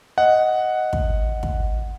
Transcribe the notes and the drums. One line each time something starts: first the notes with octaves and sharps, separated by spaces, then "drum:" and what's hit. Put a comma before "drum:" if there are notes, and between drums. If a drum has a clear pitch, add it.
D#5 F#5
drum: kick
drum: kick